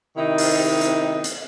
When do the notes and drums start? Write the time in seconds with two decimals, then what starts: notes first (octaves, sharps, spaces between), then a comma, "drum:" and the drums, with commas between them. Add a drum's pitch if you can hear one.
0.17 C3 D#3 D#4 E4
0.38 drum: open hi-hat
0.81 drum: hi-hat
1.24 drum: hi-hat